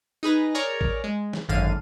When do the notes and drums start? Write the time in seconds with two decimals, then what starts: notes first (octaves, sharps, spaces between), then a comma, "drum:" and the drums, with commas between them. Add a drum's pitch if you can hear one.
0.23 D#4 G#4 B4 A#6
0.55 G#4 A#4 C#5 D5 A#5
0.81 drum: kick A1
1.04 G#3
1.33 drum: snare
1.49 G#1 F#2 D3 F5 D#7